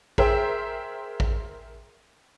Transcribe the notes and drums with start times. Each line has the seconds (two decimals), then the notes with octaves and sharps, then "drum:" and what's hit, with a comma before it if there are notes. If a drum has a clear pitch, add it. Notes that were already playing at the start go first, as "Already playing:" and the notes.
0.18 G#4 A#4 C5 E5 G5, drum: kick A1
1.20 drum: kick A1